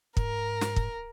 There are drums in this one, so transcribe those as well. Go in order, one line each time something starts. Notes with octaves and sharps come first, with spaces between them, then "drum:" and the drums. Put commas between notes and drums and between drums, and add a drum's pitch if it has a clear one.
G#2 A#4, drum: kick
drum: snare
drum: kick